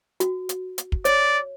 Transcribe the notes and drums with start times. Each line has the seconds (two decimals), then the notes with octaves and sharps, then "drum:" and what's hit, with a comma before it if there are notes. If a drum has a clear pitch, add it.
0.20 F#4, drum: hi-hat
0.49 drum: hi-hat
0.78 drum: hi-hat
0.92 drum: kick
1.05 C#5 D5, drum: hi-hat